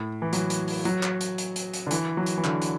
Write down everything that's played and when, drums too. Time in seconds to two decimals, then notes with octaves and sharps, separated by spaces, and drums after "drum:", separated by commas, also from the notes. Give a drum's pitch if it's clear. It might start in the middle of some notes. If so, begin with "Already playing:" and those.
Already playing: A2
0.22 E3
0.33 F#3, drum: hi-hat
0.50 drum: hi-hat
0.68 drum: open hi-hat
0.85 F#3, drum: hi-hat
1.03 drum: clap
1.21 drum: hi-hat
1.38 drum: hi-hat
1.56 drum: hi-hat
1.73 drum: hi-hat
1.87 D3
1.91 E3, drum: hi-hat
2.17 F#3
2.26 drum: hi-hat
2.38 E3
2.44 D3, drum: clap
2.62 drum: hi-hat